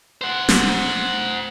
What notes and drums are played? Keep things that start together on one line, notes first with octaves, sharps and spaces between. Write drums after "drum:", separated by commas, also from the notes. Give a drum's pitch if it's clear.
C5 F#5
drum: snare